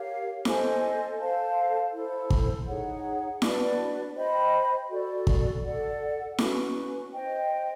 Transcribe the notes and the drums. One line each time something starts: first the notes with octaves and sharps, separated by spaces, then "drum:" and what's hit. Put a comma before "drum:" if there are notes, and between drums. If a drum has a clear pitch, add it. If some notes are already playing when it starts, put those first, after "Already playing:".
Already playing: G4 A#4 C#5 F5
A4 C5 D#5 G#5, drum: snare E4
A4 C5 F5 A5
E4 A4 C5
drum: kick
D#4 G#4 C#5 F#5
D4 F#4 B4 D5, drum: snare E4
C5 D#5 G5 B5
F#4 A4 D5
drum: kick
A4 D5 F#5
C#4 F#4 B4, drum: snare E4
C5 D#5 G5